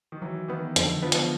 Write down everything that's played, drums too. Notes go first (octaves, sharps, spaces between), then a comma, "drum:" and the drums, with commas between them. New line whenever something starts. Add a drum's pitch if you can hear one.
D#3
E3 F#3
D#3 B3
F2 D3, drum: hi-hat
F3 B3
drum: hi-hat